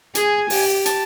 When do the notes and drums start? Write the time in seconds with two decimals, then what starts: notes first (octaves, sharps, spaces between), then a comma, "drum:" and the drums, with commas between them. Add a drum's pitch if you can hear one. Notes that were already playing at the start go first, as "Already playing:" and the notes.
0.15 G#4 G#5, drum: hi-hat
0.50 G4, drum: open hi-hat
0.86 A5, drum: hi-hat